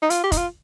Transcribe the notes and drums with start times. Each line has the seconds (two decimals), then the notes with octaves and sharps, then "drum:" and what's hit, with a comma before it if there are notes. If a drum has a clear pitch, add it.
0.03 D#4
0.10 F4, drum: hi-hat
0.24 G4
0.32 D#4, drum: kick, hi-hat
0.37 F4